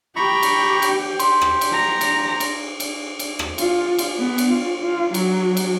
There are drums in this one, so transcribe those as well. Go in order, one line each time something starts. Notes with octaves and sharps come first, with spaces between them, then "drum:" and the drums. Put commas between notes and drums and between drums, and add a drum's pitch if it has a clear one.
G4 G5 A#5 B5 C#6
drum: cymbal
drum: cymbal
G4 C6, drum: cymbal
drum: rim click
drum: cymbal
A#5
drum: cymbal
drum: cymbal
drum: cymbal
drum: cymbal
drum: rim click
F4, drum: cymbal
drum: cymbal
B3
drum: cymbal
F4
F4
F#3, drum: cymbal
drum: cymbal